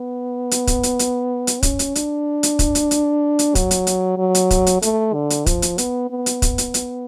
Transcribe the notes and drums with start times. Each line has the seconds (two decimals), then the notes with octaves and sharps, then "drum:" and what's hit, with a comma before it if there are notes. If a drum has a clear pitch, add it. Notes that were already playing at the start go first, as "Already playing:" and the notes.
Already playing: B3
0.51 drum: hi-hat
0.67 drum: kick, hi-hat
0.83 drum: hi-hat
0.99 drum: hi-hat
1.47 drum: hi-hat
1.63 C#4, drum: kick, hi-hat
1.79 drum: hi-hat
1.95 D4, drum: hi-hat
2.43 drum: hi-hat
2.59 drum: kick, hi-hat
2.75 drum: hi-hat
2.91 drum: hi-hat
3.39 drum: hi-hat
3.55 F#3, drum: kick, hi-hat
3.71 drum: hi-hat
3.87 drum: hi-hat
4.18 F#3
4.35 drum: hi-hat
4.51 drum: kick, hi-hat
4.67 drum: hi-hat
4.82 A3, drum: hi-hat
5.14 D3
5.30 drum: hi-hat
5.46 F3, drum: kick, hi-hat
5.62 drum: hi-hat
5.78 B3, drum: hi-hat
6.11 B3
6.26 drum: hi-hat
6.42 drum: kick, hi-hat
6.58 drum: hi-hat
6.74 drum: hi-hat